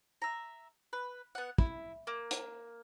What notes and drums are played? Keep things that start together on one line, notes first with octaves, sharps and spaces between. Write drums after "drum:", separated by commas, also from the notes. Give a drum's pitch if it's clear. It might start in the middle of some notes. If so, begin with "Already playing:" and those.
E5 A#5
B4
B3 F#5
E4, drum: kick
A#3
drum: hi-hat